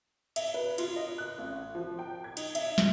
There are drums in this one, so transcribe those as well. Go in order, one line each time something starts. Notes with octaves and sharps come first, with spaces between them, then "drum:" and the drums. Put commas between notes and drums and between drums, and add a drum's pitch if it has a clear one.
E5, drum: cymbal
B4
F4, drum: cymbal
D#5
F#6
A1
F3
G5
G#6
D#4, drum: cymbal
E5, drum: cymbal
drum: snare